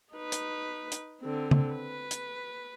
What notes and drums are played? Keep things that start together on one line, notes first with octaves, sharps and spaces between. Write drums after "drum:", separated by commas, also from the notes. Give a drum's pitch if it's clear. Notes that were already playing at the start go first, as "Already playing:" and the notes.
D#4 B4
drum: hi-hat
drum: hi-hat
D3 C4
drum: tom C#3
B4
drum: hi-hat